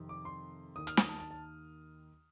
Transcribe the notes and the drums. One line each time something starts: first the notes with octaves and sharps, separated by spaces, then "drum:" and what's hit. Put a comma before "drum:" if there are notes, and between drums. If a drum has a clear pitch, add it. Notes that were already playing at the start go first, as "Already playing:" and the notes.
Already playing: F2 C3 D#3
D6
C6
D#2 D#3 D#6
F6, drum: hi-hat
D#6, drum: snare
A5
A5
A5